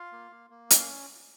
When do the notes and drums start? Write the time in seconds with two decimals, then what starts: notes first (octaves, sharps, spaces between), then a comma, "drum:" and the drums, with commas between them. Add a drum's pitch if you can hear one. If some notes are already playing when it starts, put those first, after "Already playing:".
Already playing: F4 F5
0.12 A#3
0.31 A#3
0.50 A#3
0.70 C#4 D#5, drum: hi-hat
0.79 F5